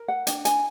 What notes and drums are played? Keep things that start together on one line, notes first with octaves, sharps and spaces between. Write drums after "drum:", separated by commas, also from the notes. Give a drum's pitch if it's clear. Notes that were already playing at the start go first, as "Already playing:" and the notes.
Already playing: A#4
F#5
D4 G5, drum: hi-hat
G#5, drum: hi-hat